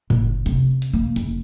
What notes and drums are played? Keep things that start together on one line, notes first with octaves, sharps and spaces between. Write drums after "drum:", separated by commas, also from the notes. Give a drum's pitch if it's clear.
F#1, drum: tom A2
C3, drum: hi-hat
drum: hi-hat
A#3
F#1, drum: hi-hat